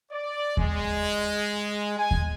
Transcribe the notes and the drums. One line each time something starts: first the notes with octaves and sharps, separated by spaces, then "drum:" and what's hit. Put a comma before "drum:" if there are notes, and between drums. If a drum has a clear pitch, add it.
D5
G#3, drum: kick D#2
G#5
drum: kick D#2